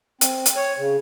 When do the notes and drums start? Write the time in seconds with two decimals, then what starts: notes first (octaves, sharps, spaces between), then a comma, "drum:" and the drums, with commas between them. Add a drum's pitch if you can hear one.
0.21 C4, drum: hi-hat
0.46 drum: hi-hat
0.56 C#5
0.79 C#3